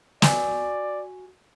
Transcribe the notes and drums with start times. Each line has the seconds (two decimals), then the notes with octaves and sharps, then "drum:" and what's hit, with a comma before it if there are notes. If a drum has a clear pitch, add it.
0.22 F#4 D5 G#5, drum: snare